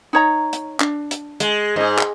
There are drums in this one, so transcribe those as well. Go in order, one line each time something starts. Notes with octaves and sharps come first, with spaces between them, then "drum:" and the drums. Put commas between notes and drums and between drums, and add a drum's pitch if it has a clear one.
D#4 C#5 A#5
drum: hi-hat
D4, drum: clap
drum: hi-hat
G#3, drum: hi-hat
G#2 G#4 D#5
drum: clap